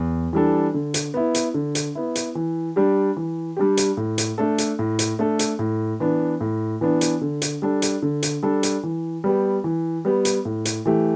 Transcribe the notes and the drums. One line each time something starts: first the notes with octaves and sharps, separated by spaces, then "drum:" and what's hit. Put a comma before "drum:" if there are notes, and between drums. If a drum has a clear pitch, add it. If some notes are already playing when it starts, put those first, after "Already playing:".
Already playing: E2
E3 G3 D4 A4
D3
drum: hi-hat
B3 E4
drum: hi-hat
D3
drum: hi-hat
B3 E4
drum: hi-hat
E3
G3 D4 G4
E3
G3 D4 G4
drum: hi-hat
A2
drum: hi-hat
A3 D4 A4
drum: hi-hat
A2
drum: hi-hat
A3 D4 A4
drum: hi-hat
A2
E3 B3 D4
A2
E3 B3 D4
drum: hi-hat
D3
drum: hi-hat
G3 D4 A4
drum: hi-hat
D3
drum: hi-hat
G3 D4 A4
drum: hi-hat
E3
G3 B3 G4
E3
G3 B3 G4
drum: hi-hat
A2
drum: hi-hat
E3 A3 G4